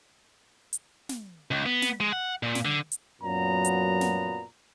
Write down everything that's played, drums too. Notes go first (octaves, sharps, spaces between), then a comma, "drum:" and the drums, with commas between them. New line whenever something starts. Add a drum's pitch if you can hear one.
drum: hi-hat
drum: snare
C#2
B3
drum: snare
G#3
F#5
A#2
drum: snare
D3
drum: hi-hat
F#2 A#2 F#3 B3 A#5
drum: hi-hat
drum: snare